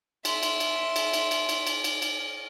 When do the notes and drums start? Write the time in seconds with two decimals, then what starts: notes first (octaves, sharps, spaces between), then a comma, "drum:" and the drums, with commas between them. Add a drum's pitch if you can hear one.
0.25 E5 C6, drum: cymbal
0.43 drum: cymbal
0.60 drum: cymbal
0.96 drum: cymbal
1.14 drum: cymbal
1.31 drum: cymbal
1.49 drum: cymbal
1.67 drum: cymbal
1.84 drum: cymbal
2.02 drum: cymbal